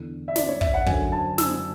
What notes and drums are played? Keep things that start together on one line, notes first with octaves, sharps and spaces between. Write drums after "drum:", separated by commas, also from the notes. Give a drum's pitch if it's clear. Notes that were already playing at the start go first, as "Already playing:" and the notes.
Already playing: E2 D3
E5
D5, drum: snare
C#5
E5, drum: kick
F#5
F#2 D3 G#5, drum: kick
A5
E6, drum: snare